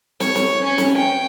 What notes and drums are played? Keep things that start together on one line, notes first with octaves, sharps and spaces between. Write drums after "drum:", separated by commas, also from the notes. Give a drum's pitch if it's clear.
C#5, drum: snare
drum: snare
C#4
drum: snare
G5